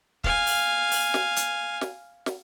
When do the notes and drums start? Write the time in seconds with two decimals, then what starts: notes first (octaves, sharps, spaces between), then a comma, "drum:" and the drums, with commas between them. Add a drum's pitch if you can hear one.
0.24 F5 G#5, drum: kick
0.47 drum: open hi-hat
0.91 drum: open hi-hat
1.14 drum: snare
1.36 drum: hi-hat
1.81 drum: snare
2.26 drum: snare